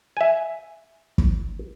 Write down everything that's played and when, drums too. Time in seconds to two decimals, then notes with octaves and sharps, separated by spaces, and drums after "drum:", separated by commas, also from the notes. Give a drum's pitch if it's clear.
0.17 E5 G#5
1.18 drum: kick